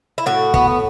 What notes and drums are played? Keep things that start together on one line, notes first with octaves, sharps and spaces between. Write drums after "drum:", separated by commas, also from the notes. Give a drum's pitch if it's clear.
E4
A2 F#4
B3, drum: kick